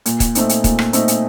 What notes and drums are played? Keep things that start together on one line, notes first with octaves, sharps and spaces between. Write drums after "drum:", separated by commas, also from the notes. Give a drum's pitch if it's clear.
A#2, drum: hi-hat
drum: kick, hi-hat
A3 C4 D#4, drum: hi-hat
drum: hi-hat
A#2, drum: kick, hi-hat
drum: rim click
A3 C4 D#4, drum: hi-hat
drum: hi-hat